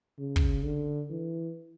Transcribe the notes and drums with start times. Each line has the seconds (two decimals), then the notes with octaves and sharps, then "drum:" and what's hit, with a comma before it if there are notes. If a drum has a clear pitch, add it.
0.19 C#3
0.36 drum: kick
0.64 D3
1.10 E3